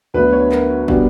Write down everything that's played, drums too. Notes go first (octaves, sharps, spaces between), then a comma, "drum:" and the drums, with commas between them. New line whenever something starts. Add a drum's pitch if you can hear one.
D2 D3 F#3 B3 B4
C#5
A#4, drum: clap
B2 G3 B3 D4, drum: kick